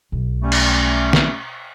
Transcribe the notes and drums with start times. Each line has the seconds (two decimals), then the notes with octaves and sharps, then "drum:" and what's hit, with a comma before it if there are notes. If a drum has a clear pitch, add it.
0.12 B1
0.42 G3 A3 C#4
0.52 drum: cymbal
1.13 drum: snare